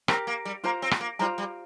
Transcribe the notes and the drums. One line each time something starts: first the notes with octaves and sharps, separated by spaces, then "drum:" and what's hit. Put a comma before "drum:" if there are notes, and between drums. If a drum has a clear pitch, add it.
C4 G4 A#4 G5 A#5, drum: rim click
A#3
G3
A#3 F4 C5 A#5
C4
drum: rim click
A#3
G3 F4 C5 A#5
G3